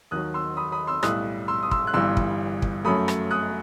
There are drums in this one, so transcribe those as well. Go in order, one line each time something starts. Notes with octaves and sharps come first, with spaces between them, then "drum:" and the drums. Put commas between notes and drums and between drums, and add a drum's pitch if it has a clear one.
D#2 D#3 F#3 D#6 F#6
C6 E6
B5 D#6
B5 D#6
C6 E6
B1 A2 G3 D#6 F#6, drum: rim click
C6 E6
D#6
C6 E6, drum: kick
F#6
G1 G2 E3 G3 C6 E6
drum: kick
drum: kick
F#2 F#3 A3 B5 D#6
drum: rim click
D#6 F#6